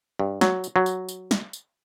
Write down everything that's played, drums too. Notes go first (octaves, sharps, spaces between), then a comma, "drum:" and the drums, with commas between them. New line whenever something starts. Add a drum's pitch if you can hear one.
G2
F#3, drum: snare
drum: tambourine
F#3
drum: tambourine
drum: tambourine
drum: snare
drum: tambourine